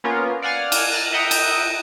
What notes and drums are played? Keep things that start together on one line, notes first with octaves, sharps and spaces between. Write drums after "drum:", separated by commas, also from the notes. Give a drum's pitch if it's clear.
A#3 B3 C#4 F4 A#4
D5 F5 F#5 G#5 F6
drum: cymbal
F6 F#6 A6 A#6
D#5 E5 F#5 G5 A#5 D#6
drum: cymbal